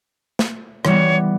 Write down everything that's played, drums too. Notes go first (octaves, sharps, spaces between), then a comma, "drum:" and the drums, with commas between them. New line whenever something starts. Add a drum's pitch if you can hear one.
drum: snare
E3 G3 B3 C#5, drum: rim click